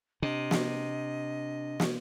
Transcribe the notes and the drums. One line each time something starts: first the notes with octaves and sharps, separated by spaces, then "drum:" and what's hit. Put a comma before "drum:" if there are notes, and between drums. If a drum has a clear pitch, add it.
C3 D4 D#5
drum: snare
drum: snare